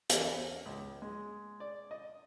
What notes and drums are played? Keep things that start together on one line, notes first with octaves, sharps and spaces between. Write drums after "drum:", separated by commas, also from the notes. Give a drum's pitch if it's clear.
E2, drum: hi-hat
C#2
G#3
D5
D#5